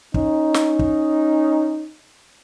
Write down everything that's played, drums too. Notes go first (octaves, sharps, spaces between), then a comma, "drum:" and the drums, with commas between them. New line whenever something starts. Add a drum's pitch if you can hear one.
C#4 D#4, drum: kick
drum: snare
drum: kick